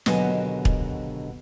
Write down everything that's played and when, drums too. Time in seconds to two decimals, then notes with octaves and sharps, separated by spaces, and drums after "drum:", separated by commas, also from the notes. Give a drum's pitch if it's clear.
0.06 D#2 B2 D3 F#3 D#5 G#5, drum: snare
0.65 drum: kick